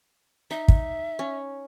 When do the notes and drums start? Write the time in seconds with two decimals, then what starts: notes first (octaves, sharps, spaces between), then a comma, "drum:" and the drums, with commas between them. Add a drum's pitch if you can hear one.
0.51 D#4 E5
0.68 drum: kick
1.19 C#4